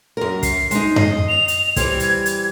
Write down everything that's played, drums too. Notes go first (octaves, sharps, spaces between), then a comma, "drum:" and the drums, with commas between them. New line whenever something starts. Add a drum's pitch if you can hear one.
F#2 A#4
C7, drum: kick, hi-hat
G#3 D#4, drum: hi-hat
D#5, drum: tom F#2
F7
drum: hi-hat
E3 G3 C4 G#6, drum: kick, hi-hat
drum: hi-hat
drum: hi-hat